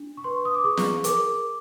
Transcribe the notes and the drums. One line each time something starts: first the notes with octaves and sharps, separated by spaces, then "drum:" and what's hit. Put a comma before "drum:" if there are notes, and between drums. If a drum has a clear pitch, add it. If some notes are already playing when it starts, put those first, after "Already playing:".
Already playing: D4
C#6
B4 C6
D#6
D6
G#4 C#6
drum: snare
A#4 D6, drum: hi-hat